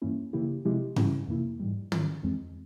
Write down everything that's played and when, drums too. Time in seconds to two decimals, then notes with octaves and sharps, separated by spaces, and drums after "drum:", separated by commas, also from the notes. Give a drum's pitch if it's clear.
0.02 G2 E3 A#3 C#4 E4
0.33 C#3 E3 A#3 E4 G4
0.65 C3 F3 G#3 E4 G4
0.96 C#3 E3 G3 C#4 E4, drum: tom G2
1.28 F2 C3 E3 A#3 E4
1.60 G#2 E3 G3
1.92 G#2 E3 G3 C#4 F4, drum: tom
2.23 F2 E3 G#3 C4